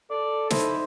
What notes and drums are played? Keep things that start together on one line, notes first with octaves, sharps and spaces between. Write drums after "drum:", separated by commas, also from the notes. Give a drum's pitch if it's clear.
A4 D5
D#4 E4 C5 E5, drum: snare